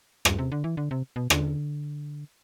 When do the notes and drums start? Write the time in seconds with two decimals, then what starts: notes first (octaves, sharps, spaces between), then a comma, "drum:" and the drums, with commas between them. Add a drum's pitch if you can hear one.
0.25 G2, drum: rim click
0.39 C3
0.52 D3
0.64 E3
0.77 D3
0.91 C3
1.16 B2
1.30 D3, drum: rim click